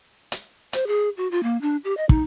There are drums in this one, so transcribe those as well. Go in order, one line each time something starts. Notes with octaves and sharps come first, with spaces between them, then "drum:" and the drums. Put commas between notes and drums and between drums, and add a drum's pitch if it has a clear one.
drum: hi-hat
C5, drum: hi-hat
G#4
F#4
F4
A#3
D4
G4
D#5
D#4, drum: kick